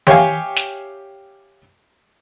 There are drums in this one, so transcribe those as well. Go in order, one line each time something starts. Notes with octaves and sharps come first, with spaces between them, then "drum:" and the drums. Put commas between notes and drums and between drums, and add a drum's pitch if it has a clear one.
G4 C#5 E5 F5 G#5, drum: tom E3
drum: snare